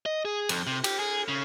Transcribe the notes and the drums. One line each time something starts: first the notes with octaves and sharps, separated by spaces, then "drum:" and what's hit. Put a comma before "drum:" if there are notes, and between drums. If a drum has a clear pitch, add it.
D#5
G#4
F2, drum: cymbal
C3
G4, drum: cymbal
G#4
C#3